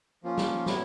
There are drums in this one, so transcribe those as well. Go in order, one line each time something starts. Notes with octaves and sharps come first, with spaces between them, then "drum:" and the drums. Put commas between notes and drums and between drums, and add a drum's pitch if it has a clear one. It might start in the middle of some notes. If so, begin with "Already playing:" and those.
F3 A#3 C#4 F4
drum: snare
A2 F#3 B3 E4, drum: snare